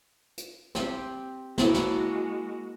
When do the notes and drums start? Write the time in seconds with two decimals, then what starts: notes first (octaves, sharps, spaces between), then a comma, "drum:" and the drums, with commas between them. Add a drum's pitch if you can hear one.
0.38 drum: hi-hat
0.75 C4 G4, drum: snare
1.58 G#3 A#3 E4 F#4 A4, drum: snare
1.74 drum: snare